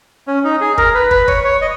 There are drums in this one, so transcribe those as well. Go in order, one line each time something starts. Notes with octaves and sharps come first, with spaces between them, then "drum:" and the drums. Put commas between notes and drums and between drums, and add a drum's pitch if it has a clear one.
C#4
D#4
G#4
A#4, drum: kick
B4
B4, drum: kick
C#5, drum: kick
C#5
D#5